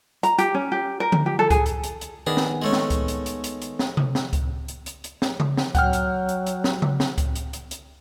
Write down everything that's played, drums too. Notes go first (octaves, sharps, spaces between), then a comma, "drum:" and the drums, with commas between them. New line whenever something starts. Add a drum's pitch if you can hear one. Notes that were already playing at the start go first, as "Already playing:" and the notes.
A#5, drum: hi-hat
G4, drum: hi-hat
C#4
G4
A#4
drum: tom D3
G4
A4
G#4, drum: kick C#2, hi-hat
drum: hi-hat
drum: hi-hat
drum: hi-hat
D#3 B3 D4 G#4 A#4
drum: snare
G#3 A3 C#4
drum: snare
drum: kick C#2, hi-hat
drum: hi-hat
drum: hi-hat
drum: hi-hat
drum: hi-hat
drum: snare
drum: tom C3
drum: snare
drum: kick C#2, hi-hat
drum: hi-hat
drum: hi-hat
drum: hi-hat
drum: snare
drum: tom C#3
drum: snare
F#3 F#5 G5 F6, drum: kick C#2, hi-hat
drum: hi-hat
drum: hi-hat
drum: hi-hat
drum: snare
drum: tom C#3
drum: snare
drum: kick C#2, hi-hat
drum: hi-hat
drum: hi-hat
drum: hi-hat